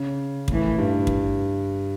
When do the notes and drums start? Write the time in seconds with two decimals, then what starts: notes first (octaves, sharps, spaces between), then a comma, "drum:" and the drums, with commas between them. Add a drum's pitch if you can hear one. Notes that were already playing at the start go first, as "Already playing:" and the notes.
Already playing: C#3
0.48 A#1 A2 E3, drum: kick
0.78 G2
1.07 drum: kick